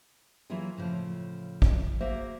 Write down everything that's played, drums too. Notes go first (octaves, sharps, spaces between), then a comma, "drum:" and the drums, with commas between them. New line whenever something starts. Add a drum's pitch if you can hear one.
E3 F#3 A#3 E4 F4 G#4
A2 C#3 F3
drum: kick G#1
A#3 F#4 G#4 C5 E5